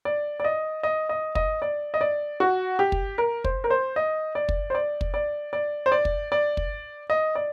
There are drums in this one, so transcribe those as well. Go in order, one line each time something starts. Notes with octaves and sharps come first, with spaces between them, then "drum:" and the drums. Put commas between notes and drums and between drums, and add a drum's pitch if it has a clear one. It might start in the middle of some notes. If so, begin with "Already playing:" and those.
D5
D5
D#5
D#5
D#5
D#5, drum: kick
D5
D#5
D5
F#4
G4
drum: kick
A#4
C5, drum: kick
A#4
C5
D#5
D5
drum: kick
C5
D5
drum: kick
D5
D5
C5
D5
drum: kick
D5
drum: kick
D#5
D5